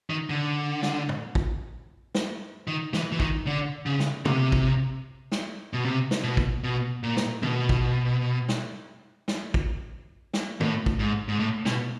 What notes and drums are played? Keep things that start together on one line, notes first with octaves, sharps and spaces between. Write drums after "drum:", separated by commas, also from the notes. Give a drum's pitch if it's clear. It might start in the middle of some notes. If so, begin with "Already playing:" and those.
D#3
D3
drum: snare
drum: tom
drum: kick
drum: snare
D#3
E3, drum: snare
E3
D#3, drum: kick
D3
C#3
drum: snare
C3, drum: tom
drum: kick
drum: snare
B2
C3
drum: snare
B2
drum: kick
B2
A#2
drum: snare
B2, drum: tom
drum: kick
drum: snare
drum: snare
drum: kick
drum: snare
A2, drum: tom
drum: kick
G#2
G#2
A2
B2, drum: snare